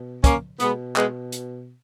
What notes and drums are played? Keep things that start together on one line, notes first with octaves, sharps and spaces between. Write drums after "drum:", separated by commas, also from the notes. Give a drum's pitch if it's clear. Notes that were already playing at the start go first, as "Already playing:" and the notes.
Already playing: B2
A#3 C#4, drum: kick, hi-hat
B2 G#3 B3, drum: hi-hat
G#3 B3, drum: clap
drum: hi-hat